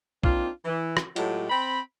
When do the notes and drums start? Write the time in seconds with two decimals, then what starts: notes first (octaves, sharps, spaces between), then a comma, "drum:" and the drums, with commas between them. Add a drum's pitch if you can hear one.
0.24 A#3 C4 D4 D#4 F4, drum: kick
0.65 E3
0.97 drum: rim click
1.16 A2 F#3 G#3 F4 G4 A4, drum: hi-hat
1.50 C4 B5